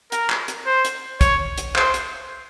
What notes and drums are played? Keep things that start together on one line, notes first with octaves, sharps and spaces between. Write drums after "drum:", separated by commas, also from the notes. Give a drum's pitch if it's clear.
A#4, drum: hi-hat
drum: clap
drum: hi-hat
C5
drum: hi-hat
C#5, drum: kick, hi-hat
drum: hi-hat
C5, drum: clap
drum: hi-hat